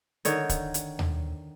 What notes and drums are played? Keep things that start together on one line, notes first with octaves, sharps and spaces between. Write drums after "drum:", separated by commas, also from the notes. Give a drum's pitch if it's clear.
D3 D#3 C#5 D#5, drum: hi-hat
drum: kick, hi-hat
drum: hi-hat
drum: tom D#2